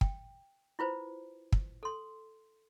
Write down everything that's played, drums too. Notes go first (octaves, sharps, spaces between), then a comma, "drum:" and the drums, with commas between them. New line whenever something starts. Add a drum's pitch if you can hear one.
G5, drum: kick
E4 F4 B4 C5
drum: kick
A4 C6